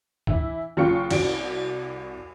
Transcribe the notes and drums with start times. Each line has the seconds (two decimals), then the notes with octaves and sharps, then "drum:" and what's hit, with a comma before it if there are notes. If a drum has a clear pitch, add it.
0.27 E3 E4, drum: kick C#2
0.77 F#1 F4 G5 C#6 C#7
1.11 C2 F#4 D7, drum: cymbal